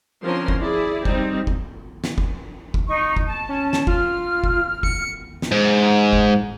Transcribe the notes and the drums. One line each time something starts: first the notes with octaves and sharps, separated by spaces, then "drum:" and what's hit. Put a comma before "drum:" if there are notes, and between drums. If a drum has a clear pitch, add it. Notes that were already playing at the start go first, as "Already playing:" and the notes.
D3 F3 C4 C#4 A#4 C6
drum: kick F#1
E4 G#4 D5
G3 C4 D#4, drum: kick F#1
drum: kick F#1
drum: snare
drum: kick F#1
drum: kick F#1
D#4 C#6
drum: kick F#1
A5
C#4
drum: snare
F4 F6, drum: kick F#1
drum: kick F#1
C#7, drum: kick F#1
drum: snare
G#2
drum: kick F#1